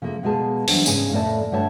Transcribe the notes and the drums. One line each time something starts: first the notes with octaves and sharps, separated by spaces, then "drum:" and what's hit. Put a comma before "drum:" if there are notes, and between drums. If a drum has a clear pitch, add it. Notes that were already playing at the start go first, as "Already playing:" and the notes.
C#3 F3 A3 A#3
B2 G#3 A#3 G#4 A5
E3 F#3 G3 D4 C5, drum: open hi-hat
G#2 C#3 C#4 G#4 G#5, drum: tambourine
F2 A2 A3 A#3 D5 A5
G2 D3 A3 C#5 A5